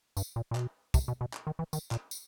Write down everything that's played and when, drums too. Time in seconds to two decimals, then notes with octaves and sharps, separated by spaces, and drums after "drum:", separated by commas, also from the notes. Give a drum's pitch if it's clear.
0.17 G2, drum: tambourine
0.36 A#2
0.51 A#2
0.55 B2, drum: clap
0.94 C3, drum: kick, tambourine
1.08 B2
1.21 B2
1.34 drum: clap
1.47 D#3
1.59 E3
1.73 D#3, drum: tambourine
1.91 A#2, drum: clap
2.11 drum: tambourine